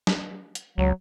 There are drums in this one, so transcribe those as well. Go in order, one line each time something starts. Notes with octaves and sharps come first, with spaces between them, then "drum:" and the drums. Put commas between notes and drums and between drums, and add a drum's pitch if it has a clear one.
drum: snare
drum: hi-hat
C#2 F#3